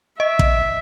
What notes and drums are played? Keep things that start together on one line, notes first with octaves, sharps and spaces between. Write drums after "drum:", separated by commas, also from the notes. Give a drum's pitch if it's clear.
D#5 E5
drum: kick